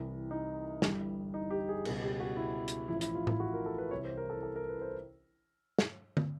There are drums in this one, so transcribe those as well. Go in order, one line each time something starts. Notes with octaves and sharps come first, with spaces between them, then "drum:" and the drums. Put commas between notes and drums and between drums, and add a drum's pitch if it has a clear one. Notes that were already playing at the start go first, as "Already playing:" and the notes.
Already playing: C2 C3 E3
D#4
G1 G2 E3 G3, drum: snare
D#4
G4
G#4
C#2 B2 G3 G#4, drum: cymbal
G4
F#4
E4
drum: hi-hat
A1 A2 F3 E4
E4, drum: hi-hat
F4
E4, drum: tom A2
F#4
A#4
A4
B4
C2 C3 E3 C#5
C5
A#4
A4
A4
A#4
B4
C5
drum: snare
drum: tom